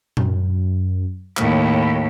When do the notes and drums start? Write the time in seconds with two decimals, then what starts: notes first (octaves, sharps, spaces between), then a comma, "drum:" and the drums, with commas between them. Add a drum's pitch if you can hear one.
0.17 F#2, drum: tom A#2
1.37 D#2 A2 B5, drum: clap